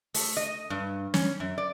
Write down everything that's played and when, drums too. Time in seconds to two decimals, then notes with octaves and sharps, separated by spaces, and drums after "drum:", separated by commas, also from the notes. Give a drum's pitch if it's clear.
0.14 A3, drum: open hi-hat
0.37 D#5
0.70 G2
1.14 C#4, drum: snare
1.40 F#2
1.58 D5